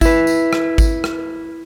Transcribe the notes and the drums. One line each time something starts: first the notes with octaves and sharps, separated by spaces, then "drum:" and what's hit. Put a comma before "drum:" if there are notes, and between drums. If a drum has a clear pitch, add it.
E4 B4, drum: kick G#1, tambourine
drum: tambourine
drum: rim click
drum: kick G#1, tambourine
drum: rim click